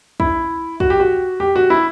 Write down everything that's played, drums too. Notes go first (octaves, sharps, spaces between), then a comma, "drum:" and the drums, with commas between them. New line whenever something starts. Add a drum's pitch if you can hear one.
E4, drum: kick
F#4, drum: kick
G4
F#4
G4
F#4
E4